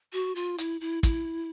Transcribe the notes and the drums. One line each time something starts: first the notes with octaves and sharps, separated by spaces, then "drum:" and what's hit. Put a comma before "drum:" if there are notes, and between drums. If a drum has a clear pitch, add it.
F#4
F4
E4, drum: hi-hat
E4
E4, drum: kick, hi-hat